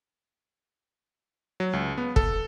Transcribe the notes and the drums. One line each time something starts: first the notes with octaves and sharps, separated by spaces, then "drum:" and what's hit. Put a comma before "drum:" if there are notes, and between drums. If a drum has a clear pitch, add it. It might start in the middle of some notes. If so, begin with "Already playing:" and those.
F#3
C#2
B3
A4, drum: kick